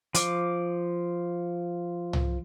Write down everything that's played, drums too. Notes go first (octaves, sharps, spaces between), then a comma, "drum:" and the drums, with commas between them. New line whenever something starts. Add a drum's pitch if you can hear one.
F3 D6, drum: hi-hat
drum: tom